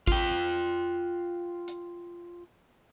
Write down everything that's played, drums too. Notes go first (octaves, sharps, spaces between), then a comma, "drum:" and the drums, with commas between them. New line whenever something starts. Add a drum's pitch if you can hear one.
F4 G5, drum: kick
drum: hi-hat